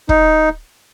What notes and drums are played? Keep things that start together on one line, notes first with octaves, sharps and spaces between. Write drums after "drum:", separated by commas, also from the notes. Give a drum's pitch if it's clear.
D#4, drum: kick